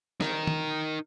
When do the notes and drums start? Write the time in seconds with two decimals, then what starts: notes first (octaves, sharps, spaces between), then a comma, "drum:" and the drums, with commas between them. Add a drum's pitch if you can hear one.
0.21 D#4 A#4, drum: snare
0.47 drum: tom